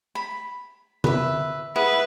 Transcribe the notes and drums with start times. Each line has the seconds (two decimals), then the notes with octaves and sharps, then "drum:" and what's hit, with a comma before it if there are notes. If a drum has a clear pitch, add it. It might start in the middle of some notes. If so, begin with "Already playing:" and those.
0.15 B5
1.04 B4 E5, drum: tom D3
1.76 E4 G#4 B4 F#5